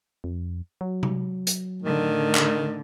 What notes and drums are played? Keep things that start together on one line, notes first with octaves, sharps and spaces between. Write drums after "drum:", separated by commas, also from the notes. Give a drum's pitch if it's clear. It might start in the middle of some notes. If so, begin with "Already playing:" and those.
F2
F#3
drum: tom C3
drum: hi-hat
A2 D3 D#3
drum: clap